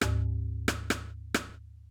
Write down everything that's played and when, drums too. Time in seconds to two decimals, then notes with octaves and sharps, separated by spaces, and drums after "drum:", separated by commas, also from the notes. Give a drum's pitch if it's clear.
0.01 D2 G#2, drum: rim click
0.68 drum: rim click
0.90 drum: rim click
1.34 drum: rim click